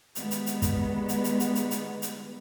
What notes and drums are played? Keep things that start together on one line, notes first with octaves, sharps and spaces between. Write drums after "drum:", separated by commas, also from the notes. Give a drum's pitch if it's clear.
D#3 G3 G#3 B3, drum: hi-hat
drum: hi-hat
drum: hi-hat
drum: kick, hi-hat
drum: hi-hat
drum: hi-hat
drum: hi-hat
drum: hi-hat
drum: hi-hat
drum: hi-hat